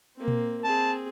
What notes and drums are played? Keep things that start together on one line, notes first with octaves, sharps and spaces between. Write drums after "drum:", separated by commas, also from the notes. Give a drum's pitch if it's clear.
A#3 C4
drum: tom A#2
C4 G#4 A5